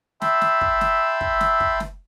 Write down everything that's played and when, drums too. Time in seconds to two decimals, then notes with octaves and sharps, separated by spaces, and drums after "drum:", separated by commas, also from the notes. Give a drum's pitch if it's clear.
0.22 E5 G5 A5 B5 C6 E6, drum: snare
0.41 drum: snare
0.61 drum: kick
0.81 drum: snare
1.21 drum: kick
1.40 drum: snare
1.60 drum: kick
1.80 drum: snare